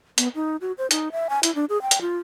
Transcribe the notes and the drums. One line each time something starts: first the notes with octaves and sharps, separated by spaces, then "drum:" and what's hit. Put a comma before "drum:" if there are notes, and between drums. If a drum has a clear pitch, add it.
B3, drum: hi-hat
D#4
F#4
C5
D#4, drum: hi-hat
E5
G#5
E4, drum: hi-hat
D4
G#4
G5
drum: hi-hat
F4